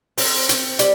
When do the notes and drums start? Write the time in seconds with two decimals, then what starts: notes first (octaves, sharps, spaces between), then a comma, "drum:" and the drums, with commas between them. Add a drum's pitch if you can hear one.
0.18 C4, drum: open hi-hat
0.49 C4, drum: hi-hat
0.79 G3, drum: hi-hat